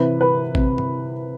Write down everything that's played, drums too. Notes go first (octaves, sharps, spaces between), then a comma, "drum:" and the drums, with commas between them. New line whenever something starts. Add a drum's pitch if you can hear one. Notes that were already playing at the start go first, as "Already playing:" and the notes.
Already playing: C3 E3 B4
B4
C3, drum: kick
drum: tom